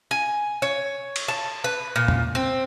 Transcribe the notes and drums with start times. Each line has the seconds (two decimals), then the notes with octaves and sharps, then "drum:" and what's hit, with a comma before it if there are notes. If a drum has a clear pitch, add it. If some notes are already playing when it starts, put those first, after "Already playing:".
0.11 G#5
0.62 C#5
1.16 drum: cymbal
1.28 A5
1.64 B4
1.96 A#2
2.08 drum: tom
2.35 C4